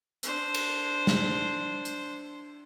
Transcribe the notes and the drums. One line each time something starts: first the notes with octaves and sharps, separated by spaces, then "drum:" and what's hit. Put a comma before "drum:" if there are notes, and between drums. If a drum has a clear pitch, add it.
D4 C5, drum: hi-hat
drum: cymbal
drum: snare
drum: hi-hat